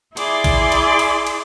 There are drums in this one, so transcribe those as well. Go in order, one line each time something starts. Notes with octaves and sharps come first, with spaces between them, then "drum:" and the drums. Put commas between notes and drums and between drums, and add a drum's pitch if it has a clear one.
E4 G#4 D5 C6 D6, drum: cymbal
drum: kick A1, cymbal
drum: cymbal
drum: cymbal
drum: cymbal